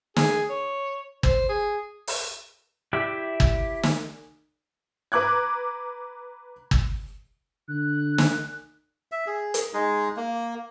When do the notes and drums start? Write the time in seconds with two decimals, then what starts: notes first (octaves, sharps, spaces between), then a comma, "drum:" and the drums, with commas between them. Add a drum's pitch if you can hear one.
0.16 G#4, drum: snare
0.49 C#5
1.23 C5, drum: kick
1.49 G#4
2.07 drum: open hi-hat
2.93 E4 G4 D5 E5
3.40 drum: kick
3.83 drum: snare
5.12 B4 A#5 D6 F#6 G#6
6.71 drum: kick
7.68 D3 F#6
8.18 drum: snare
9.12 E5
9.27 G#4
9.54 drum: hi-hat
9.73 G#3 D#4 G#4
10.16 A#3